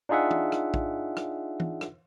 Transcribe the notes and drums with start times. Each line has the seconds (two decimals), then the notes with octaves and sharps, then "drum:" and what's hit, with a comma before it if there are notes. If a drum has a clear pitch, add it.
0.09 D4 D#4 F4 G#4 E5 F#5
0.31 drum: tom
0.52 drum: rim click
0.74 drum: kick
1.17 drum: rim click
1.60 drum: tom E3
1.81 drum: rim click